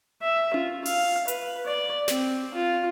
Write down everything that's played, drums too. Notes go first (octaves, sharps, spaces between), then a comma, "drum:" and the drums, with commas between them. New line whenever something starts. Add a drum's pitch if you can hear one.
E5
F4, drum: tom C#4
F5, drum: open hi-hat
B4, drum: hi-hat
D5
C4, drum: snare
F4